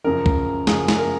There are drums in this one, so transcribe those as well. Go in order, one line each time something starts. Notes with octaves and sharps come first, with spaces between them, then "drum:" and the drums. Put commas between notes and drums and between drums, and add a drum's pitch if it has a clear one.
F#2 C#3 F3 A#4
drum: kick
F#2 C#3 F3 G#4, drum: snare
drum: snare
A#4